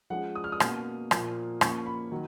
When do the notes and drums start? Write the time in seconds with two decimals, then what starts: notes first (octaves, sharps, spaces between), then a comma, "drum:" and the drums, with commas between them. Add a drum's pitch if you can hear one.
0.10 F3 G#3 C#4 F#5
0.35 D#6
0.44 F6
0.52 D#6
0.60 B2 A#3 C#4, drum: rim click
1.11 A#2 F3 A#3, drum: rim click
1.61 F3 A#3 C#4 C#6, drum: rim click
1.86 B5
2.12 D#3 F#3